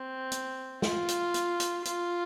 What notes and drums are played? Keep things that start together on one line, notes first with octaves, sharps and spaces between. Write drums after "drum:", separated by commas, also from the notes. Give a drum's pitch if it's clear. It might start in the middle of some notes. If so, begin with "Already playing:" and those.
Already playing: C4
drum: hi-hat
F4, drum: snare
drum: hi-hat
drum: hi-hat
drum: hi-hat
F4, drum: hi-hat